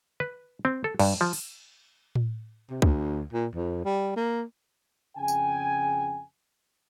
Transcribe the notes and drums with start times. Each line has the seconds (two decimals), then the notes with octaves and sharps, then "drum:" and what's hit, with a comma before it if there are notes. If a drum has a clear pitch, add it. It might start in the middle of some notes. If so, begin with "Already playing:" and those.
0.20 B4
0.65 C4
0.84 A4
0.99 G2, drum: cymbal
1.21 F3
1.33 drum: open hi-hat
2.15 drum: tom A2
2.70 C3
2.82 D2, drum: kick C#2
3.33 A#2
3.55 F2
3.85 G3
4.16 A#3
5.17 F2 C#3 G#4 G5 G#5
5.28 drum: tambourine